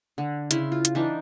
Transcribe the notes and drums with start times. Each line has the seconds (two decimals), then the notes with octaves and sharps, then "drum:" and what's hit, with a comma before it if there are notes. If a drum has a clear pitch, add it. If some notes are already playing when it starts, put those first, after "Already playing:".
0.18 D3
0.51 C#3 E4 C6, drum: hi-hat
0.72 F4
0.85 drum: hi-hat
0.95 E3 D4 D#4